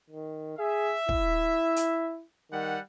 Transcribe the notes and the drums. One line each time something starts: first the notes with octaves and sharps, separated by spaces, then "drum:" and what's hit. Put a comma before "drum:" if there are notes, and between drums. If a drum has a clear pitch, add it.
D#3
G#4 E5
E4, drum: kick
drum: hi-hat
D#3 G3 F#5